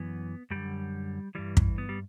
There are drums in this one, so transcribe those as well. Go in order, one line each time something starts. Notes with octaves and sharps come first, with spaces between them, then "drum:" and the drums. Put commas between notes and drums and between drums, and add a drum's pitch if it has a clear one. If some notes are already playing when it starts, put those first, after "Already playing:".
Already playing: F#2 E3 B3
F#2 D3 G3
G2 E3 G3
drum: kick
B3
G3